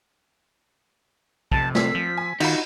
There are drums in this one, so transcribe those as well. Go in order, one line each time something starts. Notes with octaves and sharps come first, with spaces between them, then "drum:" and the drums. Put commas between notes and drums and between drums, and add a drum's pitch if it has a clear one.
F1 C3 A5, drum: kick
C4 E6 B6 C7, drum: snare
F3
G#5
D#3 D#4 F4 F#4 B5, drum: cymbal